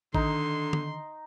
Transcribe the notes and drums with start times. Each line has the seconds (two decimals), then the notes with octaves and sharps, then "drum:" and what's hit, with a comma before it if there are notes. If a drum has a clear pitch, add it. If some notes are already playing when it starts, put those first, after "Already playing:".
0.14 D3 D#3 D#4 C6, drum: kick A1
0.73 drum: tom